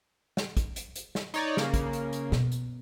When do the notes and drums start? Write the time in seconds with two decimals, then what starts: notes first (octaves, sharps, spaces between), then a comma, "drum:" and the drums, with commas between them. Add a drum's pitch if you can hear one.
0.37 drum: snare
0.57 drum: kick, hi-hat
0.76 drum: hi-hat
0.96 drum: hi-hat
1.15 drum: snare
1.34 D#4 C#5 D5, drum: hi-hat
1.57 C#3 A#3, drum: snare
1.74 drum: kick, hi-hat
1.93 drum: hi-hat
2.13 drum: hi-hat
2.32 B2, drum: snare
2.52 drum: hi-hat